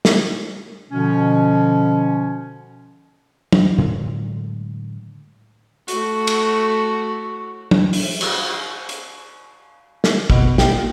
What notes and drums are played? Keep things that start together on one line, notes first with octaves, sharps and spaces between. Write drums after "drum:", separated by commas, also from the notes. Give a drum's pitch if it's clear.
drum: snare
B2 D3 F3 C#4
drum: tom
A2 D3 F#3 G#3
A3 F#4, drum: hi-hat
drum: cymbal
drum: tom
drum: open hi-hat
drum: cymbal
drum: hi-hat
drum: snare
B2, drum: kick
G4, drum: snare
A#2